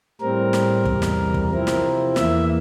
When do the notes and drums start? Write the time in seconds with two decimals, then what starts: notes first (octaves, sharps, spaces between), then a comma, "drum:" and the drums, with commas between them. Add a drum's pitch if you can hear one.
0.21 A2 G3 C4 A#4
0.53 drum: snare
0.85 E2 C3 G3, drum: kick
1.02 drum: snare
1.34 drum: kick
1.50 C3 F3 C4 E4 A#4
1.67 drum: snare
2.16 E2 E3 A#3 E5, drum: snare